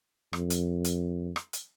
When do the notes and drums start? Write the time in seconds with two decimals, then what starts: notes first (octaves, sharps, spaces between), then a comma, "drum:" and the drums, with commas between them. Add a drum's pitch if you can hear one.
0.33 F2, drum: rim click
0.50 drum: hi-hat
0.84 drum: hi-hat
1.36 drum: rim click
1.53 drum: hi-hat